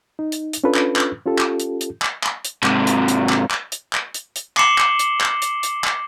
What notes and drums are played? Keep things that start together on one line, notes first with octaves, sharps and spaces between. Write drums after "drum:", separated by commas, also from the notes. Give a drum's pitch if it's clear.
D#4
drum: hi-hat
drum: hi-hat
C#4 D4 F4 A4 B4
drum: clap
drum: clap
C#4 F4 G4 A4
drum: clap
drum: hi-hat
drum: hi-hat
drum: clap
drum: clap
drum: hi-hat
G#2 C3, drum: clap
drum: hi-hat
drum: hi-hat
drum: clap
drum: clap
drum: hi-hat
drum: clap
drum: hi-hat
drum: hi-hat
D6 C7 C#7 E7 F#7 G7, drum: clap
drum: clap
drum: hi-hat
drum: clap
drum: hi-hat
drum: hi-hat
drum: clap